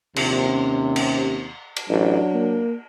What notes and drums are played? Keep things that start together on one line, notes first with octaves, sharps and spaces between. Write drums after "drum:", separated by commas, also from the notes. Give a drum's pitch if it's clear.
A#1 D#2 C3, drum: cymbal
C#4
drum: cymbal
drum: cymbal
A1 F#3 D4
A#3